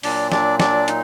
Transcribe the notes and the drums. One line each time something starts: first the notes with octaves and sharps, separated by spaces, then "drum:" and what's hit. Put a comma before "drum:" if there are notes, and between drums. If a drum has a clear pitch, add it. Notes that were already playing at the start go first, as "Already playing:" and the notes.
A#2 F#3 D4 D5, drum: open hi-hat
D4 D5, drum: snare
D4 D5, drum: snare
D#4, drum: hi-hat